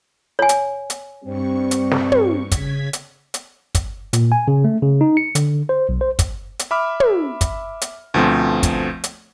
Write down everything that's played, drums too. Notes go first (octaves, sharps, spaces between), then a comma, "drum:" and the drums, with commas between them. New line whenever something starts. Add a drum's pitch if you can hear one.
C#5 G#5
drum: hi-hat
drum: hi-hat
G2 G3 C4 C#6
drum: hi-hat
drum: snare
drum: tom
C#3 G#6 B6, drum: kick, hi-hat
drum: hi-hat
drum: hi-hat
drum: kick, hi-hat
A#2, drum: hi-hat
G#5
C#3
A3
C#3
D#4
C#7
D3, drum: hi-hat
C5
B1
C5
drum: kick, hi-hat
drum: hi-hat
E5 B5 D6 F6
drum: tom
drum: kick, hi-hat
drum: hi-hat
D2 B2 F3 A3 C4
drum: kick, hi-hat
drum: hi-hat